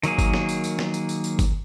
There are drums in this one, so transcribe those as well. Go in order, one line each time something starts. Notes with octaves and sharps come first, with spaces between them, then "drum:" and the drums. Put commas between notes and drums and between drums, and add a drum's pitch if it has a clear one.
D#3 F#3 A#3 G#4, drum: tambourine
drum: kick G1, tambourine
drum: snare
drum: tambourine
drum: tambourine
drum: snare
drum: tambourine
drum: tambourine
drum: tambourine
drum: kick G1, tambourine